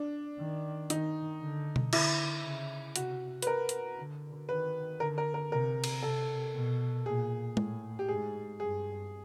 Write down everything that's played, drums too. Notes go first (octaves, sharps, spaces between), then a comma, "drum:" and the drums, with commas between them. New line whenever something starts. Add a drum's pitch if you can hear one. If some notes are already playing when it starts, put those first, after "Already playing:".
Already playing: D4
D#3
D#3 D#4, drum: hi-hat
D3
drum: tom B2
D3 E4, drum: cymbal
C#3
C3 F#4, drum: hi-hat
B4, drum: hi-hat
A#4
drum: hi-hat
D3
D#3 B4
D3 A#4
A#4
A#4
C3 A#4
drum: cymbal
C3 A4
B2
A#2 G#4
A2, drum: tom G#3
G4
G#2 G#4
G2 G#4